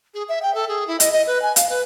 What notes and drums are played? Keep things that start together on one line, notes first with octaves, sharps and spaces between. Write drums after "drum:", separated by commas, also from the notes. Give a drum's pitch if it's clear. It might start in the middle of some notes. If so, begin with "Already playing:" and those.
G#4
E5
G5
A4
G#4
E4
D#5, drum: hi-hat
D#5
B4
G#5
F5, drum: hi-hat
B4